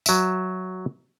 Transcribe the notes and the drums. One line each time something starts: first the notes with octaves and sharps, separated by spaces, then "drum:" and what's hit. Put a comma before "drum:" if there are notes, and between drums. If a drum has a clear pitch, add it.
F#3 E5, drum: tambourine